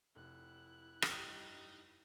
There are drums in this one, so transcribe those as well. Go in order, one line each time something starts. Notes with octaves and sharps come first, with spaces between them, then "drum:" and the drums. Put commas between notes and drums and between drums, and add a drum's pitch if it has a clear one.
F1 E4 F#6
G2 D#4, drum: rim click